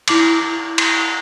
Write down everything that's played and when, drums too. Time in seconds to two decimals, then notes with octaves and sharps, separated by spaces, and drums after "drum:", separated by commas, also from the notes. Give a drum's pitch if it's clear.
0.08 E4 D6 F#7, drum: cymbal
0.78 drum: cymbal